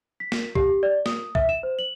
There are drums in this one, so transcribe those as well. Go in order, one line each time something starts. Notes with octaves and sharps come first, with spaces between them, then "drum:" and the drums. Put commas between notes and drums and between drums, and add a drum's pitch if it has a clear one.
B6
drum: snare
G4, drum: kick B1
D5
D#6, drum: snare
E5, drum: kick B1
E7
C5
F#7